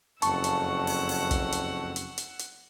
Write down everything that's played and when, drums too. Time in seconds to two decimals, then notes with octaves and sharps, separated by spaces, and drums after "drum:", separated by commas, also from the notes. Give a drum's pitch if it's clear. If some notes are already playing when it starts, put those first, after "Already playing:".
0.22 F#1 F2 F#5 A5 C#6 E6, drum: hi-hat
0.44 drum: hi-hat
0.87 drum: open hi-hat
1.09 drum: open hi-hat
1.31 drum: kick, hi-hat
1.52 drum: hi-hat
1.96 drum: hi-hat
2.18 drum: hi-hat
2.39 drum: hi-hat